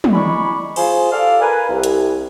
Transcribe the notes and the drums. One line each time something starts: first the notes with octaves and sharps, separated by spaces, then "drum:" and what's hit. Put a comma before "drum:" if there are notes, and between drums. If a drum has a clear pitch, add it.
drum: tom
G#3 D#4 E4 D5 B5 C#6
F4 G#4 C5, drum: cymbal
G4 A4 D5 F5
A#4 B4 G#5
C2
drum: hi-hat